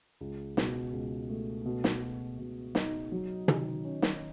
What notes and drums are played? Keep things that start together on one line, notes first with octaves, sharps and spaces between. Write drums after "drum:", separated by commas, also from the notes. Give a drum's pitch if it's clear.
C#2
B2, drum: snare
C#2
A3
B2
drum: snare
F#4
B2
D#4, drum: snare
F#3
D#3, drum: tom
C#4
drum: snare